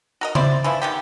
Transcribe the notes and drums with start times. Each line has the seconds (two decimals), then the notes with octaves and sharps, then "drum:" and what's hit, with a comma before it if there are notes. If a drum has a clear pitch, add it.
0.21 F#4 A#4 D#5
0.35 E4 C5 D5, drum: tom C#3
0.64 E3 F3 E4
0.82 D3 D#3 G4